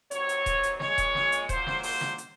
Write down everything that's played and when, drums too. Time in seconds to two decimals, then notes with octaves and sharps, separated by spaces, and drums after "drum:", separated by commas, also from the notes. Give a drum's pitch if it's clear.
0.11 C3 D#3 F#3 C#5, drum: hi-hat
0.29 drum: hi-hat
0.46 drum: kick D#1, hi-hat
0.63 drum: hi-hat
0.80 A#2 G#3 C#5, drum: snare
0.98 drum: kick D#1, hi-hat
1.15 drum: snare
1.32 drum: hi-hat
1.49 A#2 F#3 A#3 C5, drum: kick D#1, hi-hat
1.67 drum: snare
1.83 C5, drum: open hi-hat
2.01 drum: snare
2.18 drum: hi-hat